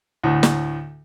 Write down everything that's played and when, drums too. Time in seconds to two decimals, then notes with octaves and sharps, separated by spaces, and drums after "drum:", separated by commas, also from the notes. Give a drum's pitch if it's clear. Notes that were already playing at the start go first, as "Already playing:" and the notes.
0.23 D2 A2
0.43 drum: snare